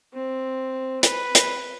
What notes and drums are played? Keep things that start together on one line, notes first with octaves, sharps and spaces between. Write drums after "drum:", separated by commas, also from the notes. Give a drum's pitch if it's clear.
C4
B4, drum: hi-hat
drum: hi-hat